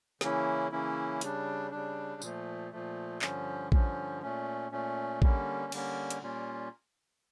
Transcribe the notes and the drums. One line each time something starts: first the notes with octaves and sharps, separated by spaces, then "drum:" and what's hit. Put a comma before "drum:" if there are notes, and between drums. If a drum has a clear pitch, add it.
C#3 E3 A#3 C#4 E4, drum: snare
C#3 E3 A#3 C#4 E4
C#3 G3 D4, drum: hi-hat
C#3 G3 D4
A#2 F3 A3, drum: tambourine
A#2 F3 A3
G2 D3 F3 C#4, drum: clap
G2 D3 F3 C#4, drum: kick
A#2 A3 C#4
A#2 A3 C#4
D3 G3 A#3 C#4, drum: kick
D3 G3 A#3 C#4, drum: cymbal
drum: hi-hat
A#2 G3 A#3 C#4 F4